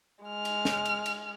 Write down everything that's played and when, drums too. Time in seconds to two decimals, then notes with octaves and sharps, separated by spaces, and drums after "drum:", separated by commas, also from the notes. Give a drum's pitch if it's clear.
0.25 G#3 F6
0.45 drum: cymbal
0.65 drum: snare
0.85 drum: cymbal
1.06 drum: cymbal